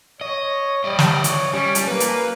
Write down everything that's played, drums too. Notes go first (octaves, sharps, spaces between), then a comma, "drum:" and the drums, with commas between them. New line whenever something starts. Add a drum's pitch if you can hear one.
C#5 D#5
G3 D5 D#5
drum: snare
C#5, drum: hi-hat
G3 C#4
drum: hi-hat
A#3 B4
drum: hi-hat